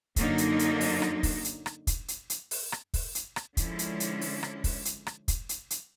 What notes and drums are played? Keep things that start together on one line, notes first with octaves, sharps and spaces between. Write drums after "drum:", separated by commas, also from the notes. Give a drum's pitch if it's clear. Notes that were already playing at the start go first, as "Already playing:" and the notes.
F#2 D3 F#3 A#3 D#4, drum: kick, hi-hat
drum: hi-hat
drum: hi-hat
drum: open hi-hat
drum: rim click
drum: kick, open hi-hat
drum: hi-hat
drum: rim click
drum: kick, hi-hat
drum: hi-hat
drum: hi-hat
drum: open hi-hat
drum: rim click
drum: kick, open hi-hat
drum: hi-hat
drum: rim click
D3 F3 G#3 C#4 E4, drum: kick, hi-hat
drum: hi-hat
drum: hi-hat
drum: open hi-hat
drum: rim click
drum: kick, open hi-hat
drum: hi-hat
drum: rim click
drum: kick, hi-hat
drum: hi-hat
drum: hi-hat